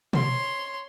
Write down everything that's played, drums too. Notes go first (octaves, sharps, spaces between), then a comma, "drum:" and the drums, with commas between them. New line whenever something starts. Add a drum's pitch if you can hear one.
C#5 C6, drum: tom B2